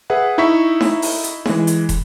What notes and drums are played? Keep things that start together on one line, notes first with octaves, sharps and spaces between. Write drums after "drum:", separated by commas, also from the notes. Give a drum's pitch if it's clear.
G#4 B4 E5 F#5
D#4 E4 E5 C#6 B6
drum: snare D#4
drum: open hi-hat
drum: hi-hat
E3 G#3, drum: snare D#4
drum: hi-hat
drum: kick, hi-hat